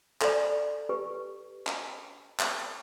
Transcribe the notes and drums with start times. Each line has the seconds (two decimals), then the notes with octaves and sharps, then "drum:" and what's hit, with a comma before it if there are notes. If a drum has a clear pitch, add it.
0.21 A4 D5, drum: clap
0.89 G4 B4 C#6
1.67 drum: clap
2.39 drum: clap